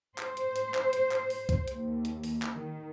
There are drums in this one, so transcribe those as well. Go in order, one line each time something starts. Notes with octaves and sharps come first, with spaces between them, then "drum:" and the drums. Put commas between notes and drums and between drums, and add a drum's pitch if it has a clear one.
C5, drum: clap
drum: hi-hat
drum: hi-hat
drum: clap
drum: hi-hat
drum: clap
drum: open hi-hat
drum: kick C2, hi-hat
drum: hi-hat
D#2
drum: hi-hat
drum: open hi-hat
drum: clap
D#3